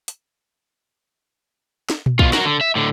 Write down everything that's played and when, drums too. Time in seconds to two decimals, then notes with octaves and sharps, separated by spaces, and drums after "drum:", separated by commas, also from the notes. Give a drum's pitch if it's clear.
0.08 drum: hi-hat
1.90 drum: snare
2.06 drum: tom A#2
2.19 B2 F4, drum: kick
2.33 F#4 A#4, drum: snare
2.45 D3
2.61 E5
2.75 A2 D3